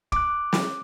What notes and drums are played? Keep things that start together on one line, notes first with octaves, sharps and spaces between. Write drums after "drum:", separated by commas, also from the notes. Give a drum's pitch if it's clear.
D6 F#6, drum: kick
drum: snare